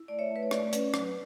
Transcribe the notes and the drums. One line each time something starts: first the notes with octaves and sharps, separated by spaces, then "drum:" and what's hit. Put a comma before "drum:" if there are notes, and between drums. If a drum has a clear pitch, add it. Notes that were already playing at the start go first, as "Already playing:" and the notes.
Already playing: E4
A3 D5
C#5 E5
A3
B4
C#5
A3 B4 D5, drum: rim click
C#4, drum: hi-hat
F#3, drum: rim click